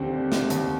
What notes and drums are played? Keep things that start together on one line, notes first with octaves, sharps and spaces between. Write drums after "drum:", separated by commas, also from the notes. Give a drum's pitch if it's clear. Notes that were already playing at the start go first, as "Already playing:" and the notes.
Already playing: D#2 D3 C4 G4
G3
D3, drum: snare
D#2, drum: hi-hat